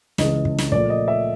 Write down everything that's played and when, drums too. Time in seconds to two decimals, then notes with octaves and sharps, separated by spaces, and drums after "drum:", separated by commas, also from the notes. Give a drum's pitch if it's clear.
0.18 C#2 C#3 E3 G#3 D#5, drum: snare
0.45 drum: kick
0.58 drum: snare
0.72 A#2 F3 A3 D5, drum: kick
0.90 D#5
1.08 E5